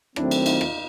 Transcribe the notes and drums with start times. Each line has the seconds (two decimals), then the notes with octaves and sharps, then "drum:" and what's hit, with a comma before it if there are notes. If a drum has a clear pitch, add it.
0.16 D#3 F#3 A3 C4 D4 E4, drum: rim click
0.31 drum: cymbal
0.46 D#4 F4, drum: cymbal
0.61 drum: rim click